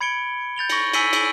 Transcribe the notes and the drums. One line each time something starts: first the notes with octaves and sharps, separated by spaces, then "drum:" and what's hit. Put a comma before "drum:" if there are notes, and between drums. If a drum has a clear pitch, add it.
B5 G#6 C#7 D7 G7
G6 A6 F7 G7
C#6 A#6 C#7, drum: cymbal
G#5 E6 B6 C#7 D#7, drum: cymbal
drum: cymbal